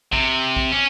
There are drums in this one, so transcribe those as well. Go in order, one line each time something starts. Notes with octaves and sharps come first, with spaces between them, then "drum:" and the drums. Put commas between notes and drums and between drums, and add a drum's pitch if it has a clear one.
C3, drum: kick
drum: kick
C#4